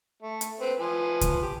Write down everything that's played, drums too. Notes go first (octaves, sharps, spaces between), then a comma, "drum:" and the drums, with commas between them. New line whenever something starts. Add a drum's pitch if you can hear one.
A3
drum: hi-hat
C4 B4
F3 B4 G#5
drum: kick C#2, hi-hat
G4